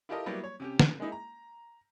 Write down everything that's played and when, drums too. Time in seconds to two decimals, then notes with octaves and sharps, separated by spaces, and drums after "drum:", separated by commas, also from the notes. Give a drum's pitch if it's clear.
0.09 E4 F4 G4 A4 A#4 D#5
0.26 F#3 G3 A#3 B3 E4 G4
0.44 C#5
0.60 C3 C#4 G4
0.79 drum: snare
1.00 G#3 A#3 D#4 E4
1.12 A#5